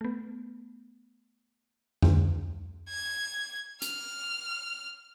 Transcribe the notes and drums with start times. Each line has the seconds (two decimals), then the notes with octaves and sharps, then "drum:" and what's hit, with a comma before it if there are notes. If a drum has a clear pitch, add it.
0.01 A3 B3
2.02 drum: tom F2
2.89 G#6
3.82 F6, drum: hi-hat